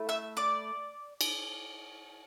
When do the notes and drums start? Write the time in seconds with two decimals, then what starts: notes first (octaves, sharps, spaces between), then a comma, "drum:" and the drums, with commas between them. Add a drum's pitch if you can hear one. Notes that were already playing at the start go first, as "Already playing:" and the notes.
Already playing: A3 E4
0.09 E5 E6
0.37 D5 D6
1.21 drum: cymbal